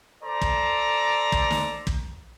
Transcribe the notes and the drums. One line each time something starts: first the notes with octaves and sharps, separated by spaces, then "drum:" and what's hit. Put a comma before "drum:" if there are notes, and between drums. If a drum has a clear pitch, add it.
A4 C5 D5 A#5
drum: kick
drum: kick
drum: snare
drum: kick